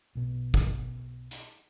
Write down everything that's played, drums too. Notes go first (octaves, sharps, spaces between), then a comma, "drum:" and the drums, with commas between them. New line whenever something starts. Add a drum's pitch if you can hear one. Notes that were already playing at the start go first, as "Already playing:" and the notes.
B1 B2
drum: kick
drum: hi-hat